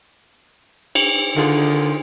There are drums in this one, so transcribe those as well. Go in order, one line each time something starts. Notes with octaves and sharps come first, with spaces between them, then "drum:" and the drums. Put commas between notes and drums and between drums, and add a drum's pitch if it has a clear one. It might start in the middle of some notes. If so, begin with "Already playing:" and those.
drum: cymbal
D3 D#3 F4 G#4